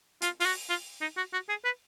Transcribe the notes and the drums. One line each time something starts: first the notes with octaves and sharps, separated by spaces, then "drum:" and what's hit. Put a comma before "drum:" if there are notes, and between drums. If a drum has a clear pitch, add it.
F4, drum: hi-hat
F4, drum: open hi-hat
F#4
F4
D#4
F#4
F#4
G#4
B4